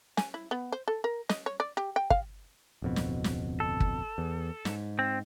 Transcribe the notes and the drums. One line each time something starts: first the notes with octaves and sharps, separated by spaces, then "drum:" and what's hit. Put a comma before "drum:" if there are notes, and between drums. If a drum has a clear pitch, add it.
G#5, drum: snare
E4
B3
C5
A4
A#4
D#5, drum: snare
C#5
D5
G4
G5
F5, drum: kick
D1 F2 B2
drum: snare
drum: snare
A4
drum: kick
E2
G#2, drum: snare
C4